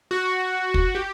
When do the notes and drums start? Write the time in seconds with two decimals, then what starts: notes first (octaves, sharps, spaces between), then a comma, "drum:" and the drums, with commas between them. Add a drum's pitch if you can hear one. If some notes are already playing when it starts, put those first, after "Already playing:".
0.11 F#4
0.74 drum: kick
0.95 G4